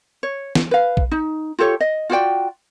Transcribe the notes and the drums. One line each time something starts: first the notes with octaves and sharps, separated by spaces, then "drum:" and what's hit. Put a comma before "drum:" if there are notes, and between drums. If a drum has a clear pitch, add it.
C#5
drum: snare
B4 F5
drum: kick A#1
D#4
F4 G4 A4 C#5
D#5
F4 F#4 D5 G5